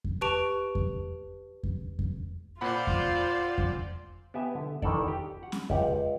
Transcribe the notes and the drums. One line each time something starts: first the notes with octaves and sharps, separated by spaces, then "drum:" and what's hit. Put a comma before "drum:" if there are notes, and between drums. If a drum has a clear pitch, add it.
drum: kick F2
G4 B4 A5 C#6 D7 F7
drum: kick F2
drum: kick F2
drum: kick F2
A#2 F4 C5 D5 F#5 B5
drum: kick F2
drum: kick F2
B3 G4 E5 G#5
D3
D#3 E3 D#4 A4 D5, drum: kick F2
G4
F#5
drum: snare C#4
C#2 G4 D5 F#5, drum: kick F2